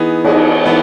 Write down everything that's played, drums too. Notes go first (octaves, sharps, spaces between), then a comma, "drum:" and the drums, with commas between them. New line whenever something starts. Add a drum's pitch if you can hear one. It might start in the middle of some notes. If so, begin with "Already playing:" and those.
Already playing: E3 B3 D#4 G#4
E3 B3 D#4 G#4, drum: cymbal
E3 B3 E4